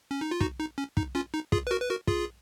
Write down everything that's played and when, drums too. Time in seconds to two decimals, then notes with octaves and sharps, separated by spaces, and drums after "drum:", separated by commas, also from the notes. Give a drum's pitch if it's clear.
0.11 C#4
0.21 D#4
0.31 F4
0.41 D#4 F#4, drum: kick
0.60 D#4
0.78 C#4
0.97 D#4, drum: kick
1.15 C#4 F4
1.34 D#4
1.52 F4 G#4, drum: kick
1.67 B4
1.71 F#4 A#4
1.81 B4
1.90 F#4 A#4
2.07 F4 G#4, drum: kick